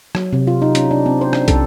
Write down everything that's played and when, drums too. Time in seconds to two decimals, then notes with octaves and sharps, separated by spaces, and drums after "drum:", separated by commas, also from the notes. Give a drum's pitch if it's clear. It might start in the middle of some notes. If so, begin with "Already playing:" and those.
0.15 F#3, drum: rim click
0.33 C3
0.47 F4
0.62 D#4
0.75 C#4, drum: hi-hat
0.91 D4
1.06 C4
1.21 C5
1.33 D4, drum: rim click
1.48 A4, drum: kick, hi-hat